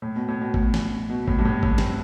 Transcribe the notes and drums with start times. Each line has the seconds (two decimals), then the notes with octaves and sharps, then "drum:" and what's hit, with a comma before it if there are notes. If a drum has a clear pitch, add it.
0.02 A2
0.16 B2
0.28 A2
0.41 B2
0.54 A2, drum: kick G#1
0.74 drum: snare
1.10 B2
1.28 A2, drum: kick G#1
1.38 G2
1.45 A2
1.63 A2, drum: kick G#1
1.78 C3, drum: snare